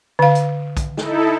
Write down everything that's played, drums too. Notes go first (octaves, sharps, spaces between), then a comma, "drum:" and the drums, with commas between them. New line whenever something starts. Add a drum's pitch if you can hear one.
D3 F5
drum: hi-hat
drum: kick, hi-hat
D#4 E4 A4, drum: snare